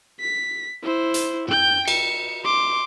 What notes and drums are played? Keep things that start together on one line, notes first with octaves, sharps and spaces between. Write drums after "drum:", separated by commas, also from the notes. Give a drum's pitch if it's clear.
B6
E4 C5
drum: hi-hat
G5 G6, drum: tom F#2
C#7, drum: cymbal
C6 D6